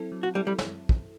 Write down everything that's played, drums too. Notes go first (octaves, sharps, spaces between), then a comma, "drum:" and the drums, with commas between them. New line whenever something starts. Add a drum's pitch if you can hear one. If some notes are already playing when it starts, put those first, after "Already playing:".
Already playing: F#3 C4 E4 A4
F#3
F#4
G3 C4 E4 A4
G3
drum: snare
drum: kick